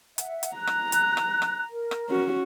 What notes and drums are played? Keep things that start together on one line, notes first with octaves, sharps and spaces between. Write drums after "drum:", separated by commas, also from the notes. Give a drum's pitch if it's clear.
E5 F#5, drum: hi-hat
drum: hi-hat
A#5 F#6
drum: rim click
drum: hi-hat
drum: rim click
drum: rim click
A#4
drum: rim click
C#4 F#4